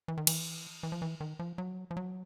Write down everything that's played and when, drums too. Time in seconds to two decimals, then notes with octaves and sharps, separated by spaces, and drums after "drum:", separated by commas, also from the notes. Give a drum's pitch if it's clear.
0.08 E3
0.17 D#3
0.27 E3, drum: cymbal
0.83 E3
0.92 F3
1.02 E3
1.21 D#3
1.39 F3
1.58 F#3
1.91 F3
1.97 F#3